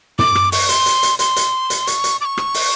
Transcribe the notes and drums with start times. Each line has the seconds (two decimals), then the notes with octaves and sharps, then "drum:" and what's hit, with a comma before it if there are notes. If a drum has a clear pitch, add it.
0.19 D6, drum: tom
0.35 drum: rim click
0.52 C#6, drum: open hi-hat
0.69 C6, drum: hi-hat
0.86 drum: hi-hat
1.03 drum: hi-hat
1.19 C6, drum: hi-hat
1.36 drum: hi-hat
1.70 drum: hi-hat
1.87 C#6, drum: hi-hat
2.04 drum: hi-hat
2.21 D6
2.25 C#6
2.37 drum: rim click
2.54 drum: open hi-hat